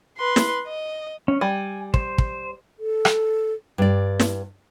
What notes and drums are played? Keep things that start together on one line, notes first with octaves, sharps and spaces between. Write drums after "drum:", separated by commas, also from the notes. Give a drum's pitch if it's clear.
B4 C6
drum: snare
D#5
C#4
G3 G#5
C5, drum: kick
drum: kick
A4
drum: rim click
G2 D5
drum: snare